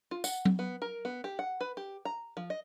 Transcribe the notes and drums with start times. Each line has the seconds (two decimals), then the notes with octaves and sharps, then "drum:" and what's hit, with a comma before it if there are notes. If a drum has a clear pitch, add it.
0.11 F4
0.24 F#5, drum: tambourine
0.45 drum: tom F#3
0.59 B3
0.82 A#4
1.05 B3
1.24 G4
1.39 F#5
1.61 B4
1.77 G4
2.05 A#5
2.37 F3
2.50 D#5